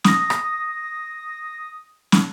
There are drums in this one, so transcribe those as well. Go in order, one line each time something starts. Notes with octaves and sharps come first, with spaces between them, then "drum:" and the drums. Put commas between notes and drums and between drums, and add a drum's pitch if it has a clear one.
D#6 A#6, drum: snare
drum: rim click
drum: snare